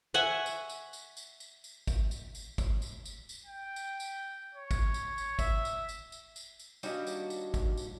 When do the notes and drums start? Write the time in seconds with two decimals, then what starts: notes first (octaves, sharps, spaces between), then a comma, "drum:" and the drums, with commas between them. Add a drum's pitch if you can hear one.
0.14 E5 F#5 G#5 C#6
0.46 drum: tambourine
0.69 drum: tambourine
0.93 drum: tambourine
1.17 drum: tambourine
1.40 drum: tambourine
1.64 drum: tambourine
1.87 drum: kick G1, tambourine
2.11 drum: tambourine
2.35 drum: tambourine
2.58 drum: kick G1, tambourine
2.82 drum: tambourine
3.05 drum: tambourine
3.29 drum: tambourine
3.46 G5
3.76 drum: tambourine
4.00 drum: tambourine
4.55 C#5
4.71 drum: kick G1, tambourine
4.94 drum: tambourine
5.18 drum: tambourine
5.39 E5, drum: kick G1, tambourine
5.65 drum: tambourine
5.89 drum: tambourine
6.12 drum: tambourine
6.36 drum: tambourine
6.59 drum: tambourine
6.83 D#2 G3 D4 D#4 F#4 C#5, drum: tambourine
7.07 drum: tambourine
7.30 drum: tambourine
7.54 drum: kick G1, tambourine
7.77 drum: tambourine